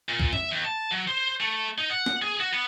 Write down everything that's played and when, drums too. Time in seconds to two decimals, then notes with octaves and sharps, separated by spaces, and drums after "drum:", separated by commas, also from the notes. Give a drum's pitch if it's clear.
0.09 A#2
0.20 drum: kick B1
0.33 E5, drum: tom F2
0.51 D#2
0.65 A5
0.91 F#3
1.08 C5
1.40 A3
1.78 D#4
1.90 F#5
2.06 drum: snare
2.22 G#4
2.40 F#4
2.53 B3